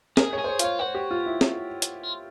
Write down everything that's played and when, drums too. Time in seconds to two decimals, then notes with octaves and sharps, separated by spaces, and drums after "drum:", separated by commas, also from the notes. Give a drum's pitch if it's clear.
0.17 G#4 A#4, drum: snare
0.33 C#5
0.39 G#4
0.44 C5
0.49 C#5
0.59 F4 C#5, drum: hi-hat
0.79 F#4 C5
0.95 G4
1.11 F4
1.26 E4
1.41 drum: snare
1.82 drum: hi-hat
2.03 F4